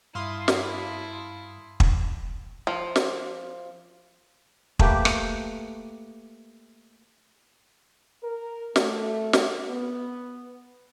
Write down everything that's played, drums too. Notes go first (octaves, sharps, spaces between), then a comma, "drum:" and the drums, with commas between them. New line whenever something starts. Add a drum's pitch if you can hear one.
G2 E4 F5 A5 B5 C6 D#6
drum: snare
drum: kick
F3
drum: snare
A3 A#3 G4 B4, drum: kick
drum: rim click
A#4
A3, drum: snare
drum: snare
B3